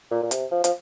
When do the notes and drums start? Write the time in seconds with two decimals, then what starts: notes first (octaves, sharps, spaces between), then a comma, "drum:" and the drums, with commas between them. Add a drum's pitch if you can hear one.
0.11 A#2
0.23 A#2
0.31 C3, drum: hi-hat
0.51 F3
0.64 F3, drum: hi-hat